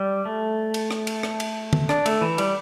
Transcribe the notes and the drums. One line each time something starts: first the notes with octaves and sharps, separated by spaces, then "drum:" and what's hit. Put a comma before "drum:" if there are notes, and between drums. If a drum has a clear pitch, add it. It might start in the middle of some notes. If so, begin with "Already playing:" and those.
Already playing: G3
A3
drum: cymbal
drum: rim click
drum: cymbal
drum: rim click
drum: cymbal
drum: tom
D4, drum: rim click
A3, drum: cymbal
E3
G3, drum: cymbal